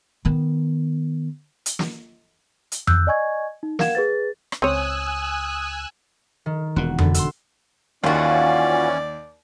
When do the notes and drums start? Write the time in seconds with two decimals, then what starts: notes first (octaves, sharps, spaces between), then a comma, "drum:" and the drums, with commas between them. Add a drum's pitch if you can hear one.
0.25 D#3 B3
1.66 drum: hi-hat
1.79 drum: snare
2.72 drum: hi-hat
2.87 E6 F#6 G6, drum: tom F2
3.07 D5 D#5 G#5 C#6 G#6
3.63 D#4
3.79 A#4 F5 F#5 G#6 E7, drum: snare
3.95 G#4 B4 A6
4.52 drum: rim click
4.62 C#2 C4 C#5 G#5 D#6 E6 F#6
6.46 D#3
6.76 E1 A#2 F#4
6.99 D3 B3, drum: tom F2
7.14 C6 E6, drum: hi-hat
8.04 D#2 E3 C#4 F4 F#4 D5